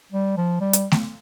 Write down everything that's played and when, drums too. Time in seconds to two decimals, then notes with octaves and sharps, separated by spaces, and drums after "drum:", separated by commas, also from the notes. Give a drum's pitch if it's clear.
0.12 G3
0.37 F3
0.61 G3
0.73 drum: hi-hat
0.92 drum: snare A3